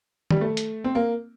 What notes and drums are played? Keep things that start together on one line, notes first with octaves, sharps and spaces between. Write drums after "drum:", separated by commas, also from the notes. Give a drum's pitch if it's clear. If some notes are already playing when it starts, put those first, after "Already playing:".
G3, drum: tom D#3
A3
drum: hi-hat
C4
A#3